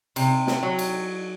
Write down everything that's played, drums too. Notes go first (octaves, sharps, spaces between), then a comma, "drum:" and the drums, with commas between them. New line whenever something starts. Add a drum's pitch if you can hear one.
C3, drum: cymbal
drum: snare
F#3
drum: cymbal